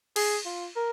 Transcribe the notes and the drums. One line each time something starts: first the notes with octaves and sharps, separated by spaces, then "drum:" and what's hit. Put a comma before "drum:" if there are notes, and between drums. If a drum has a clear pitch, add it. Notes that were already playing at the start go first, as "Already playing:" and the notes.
G#4, drum: cymbal
F4
A#4